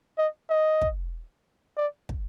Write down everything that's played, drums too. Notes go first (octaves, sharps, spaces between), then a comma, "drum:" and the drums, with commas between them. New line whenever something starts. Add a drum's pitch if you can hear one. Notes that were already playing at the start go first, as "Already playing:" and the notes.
D#5
D#5
drum: kick
D5
drum: kick